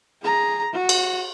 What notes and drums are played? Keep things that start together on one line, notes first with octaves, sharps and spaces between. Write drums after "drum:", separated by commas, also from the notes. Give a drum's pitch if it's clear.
G#4 A#5
F#4
drum: cymbal